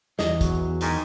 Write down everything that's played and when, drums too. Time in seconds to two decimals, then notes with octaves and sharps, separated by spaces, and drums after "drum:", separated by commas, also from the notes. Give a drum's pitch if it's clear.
0.19 E2 D#5, drum: snare
0.41 F#3, drum: kick, hi-hat
0.81 G#2 D#3, drum: hi-hat